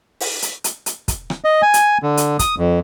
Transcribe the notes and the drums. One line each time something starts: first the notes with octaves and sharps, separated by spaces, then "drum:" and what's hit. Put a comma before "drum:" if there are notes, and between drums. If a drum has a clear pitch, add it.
drum: open hi-hat
drum: hi-hat
drum: hi-hat
drum: hi-hat
drum: kick, hi-hat
drum: rim click
D#5
G#5
drum: hi-hat
D3
drum: hi-hat
D#6, drum: kick, hi-hat
F2